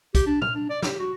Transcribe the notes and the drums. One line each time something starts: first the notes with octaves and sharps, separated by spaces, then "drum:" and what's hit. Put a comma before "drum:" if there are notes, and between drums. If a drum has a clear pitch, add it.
G4, drum: kick, hi-hat
D4
F6, drum: tom A#2
D4
D5
G4, drum: snare
F#4